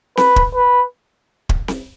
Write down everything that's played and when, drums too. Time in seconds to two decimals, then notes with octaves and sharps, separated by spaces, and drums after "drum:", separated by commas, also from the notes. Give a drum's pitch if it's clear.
0.17 B4, drum: snare C4
0.36 drum: kick
0.55 B4
1.49 drum: kick
1.68 drum: snare C4